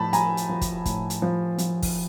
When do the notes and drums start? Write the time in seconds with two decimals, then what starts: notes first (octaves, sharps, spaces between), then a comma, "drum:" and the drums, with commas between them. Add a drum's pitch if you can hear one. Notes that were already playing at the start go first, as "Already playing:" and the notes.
Already playing: A2 F3 A5 B5
0.13 F3 G#5 A#5, drum: hi-hat
0.37 drum: hi-hat
0.49 F3
0.61 drum: kick, hi-hat
0.85 A2, drum: kick, hi-hat
1.10 drum: hi-hat
1.22 F3
1.58 F3, drum: hi-hat
1.83 drum: kick, open hi-hat